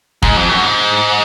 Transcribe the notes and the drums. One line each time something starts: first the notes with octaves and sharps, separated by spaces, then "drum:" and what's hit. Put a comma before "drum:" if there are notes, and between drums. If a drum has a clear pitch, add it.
G#2, drum: kick
F2
F#2
G#2